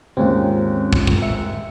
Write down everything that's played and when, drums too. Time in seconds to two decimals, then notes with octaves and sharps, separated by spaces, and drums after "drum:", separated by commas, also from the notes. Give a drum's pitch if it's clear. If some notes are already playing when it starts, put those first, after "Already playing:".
0.17 D#2 G#2 C4 C#4 F4
0.93 drum: kick
1.07 drum: kick
1.22 E5 C#7